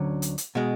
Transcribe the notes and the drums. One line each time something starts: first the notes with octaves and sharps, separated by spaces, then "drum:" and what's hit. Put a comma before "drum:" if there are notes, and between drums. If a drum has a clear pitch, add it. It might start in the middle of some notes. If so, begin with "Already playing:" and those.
Already playing: D2 D3 F#3 C#4
drum: hi-hat
drum: hi-hat
B2 G#3